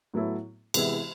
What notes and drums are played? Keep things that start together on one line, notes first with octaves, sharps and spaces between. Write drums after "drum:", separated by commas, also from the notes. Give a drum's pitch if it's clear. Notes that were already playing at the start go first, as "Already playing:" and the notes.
A2 F#3 B3 E4 A4
C3 E3 G#3 B3 E4, drum: cymbal